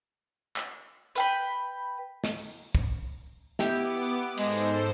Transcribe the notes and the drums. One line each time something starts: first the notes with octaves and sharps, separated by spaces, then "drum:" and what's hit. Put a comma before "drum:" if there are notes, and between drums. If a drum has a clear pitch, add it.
drum: clap
B4 G5 B5, drum: hi-hat
drum: snare
drum: open hi-hat
drum: kick
B3 E4 G4 D6, drum: snare
G#2 G#3 A4 C5, drum: cymbal